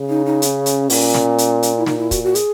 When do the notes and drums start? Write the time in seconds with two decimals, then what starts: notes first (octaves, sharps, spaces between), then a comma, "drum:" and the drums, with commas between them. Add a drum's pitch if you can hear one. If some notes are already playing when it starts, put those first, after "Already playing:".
Already playing: C#3
0.09 D#4
0.26 D#4
0.42 D#4, drum: hi-hat
0.46 C#4
0.66 drum: hi-hat
0.90 A#2, drum: open hi-hat
1.14 drum: snare
1.38 drum: hi-hat
1.63 drum: hi-hat
1.77 E4
1.86 A#2 D#4, drum: snare
1.99 E4
2.11 F#4, drum: kick, hi-hat
2.24 F#4
2.35 G#4, drum: hi-hat